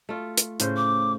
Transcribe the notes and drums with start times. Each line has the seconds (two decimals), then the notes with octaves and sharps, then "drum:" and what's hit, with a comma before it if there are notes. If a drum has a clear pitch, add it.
0.09 A3 F4
0.38 drum: hi-hat
0.60 A2 C#3 C5, drum: hi-hat
0.76 D6